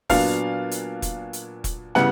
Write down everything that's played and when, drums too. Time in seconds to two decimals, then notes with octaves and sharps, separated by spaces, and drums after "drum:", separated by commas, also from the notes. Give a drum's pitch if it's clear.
0.09 A#2 F#3 B3 D4 F5, drum: kick E1, open hi-hat
0.71 drum: hi-hat
1.02 drum: kick E1, hi-hat
1.33 drum: hi-hat
1.64 drum: kick E1, hi-hat
1.95 C#3 E3 G3 B3 F#5, drum: snare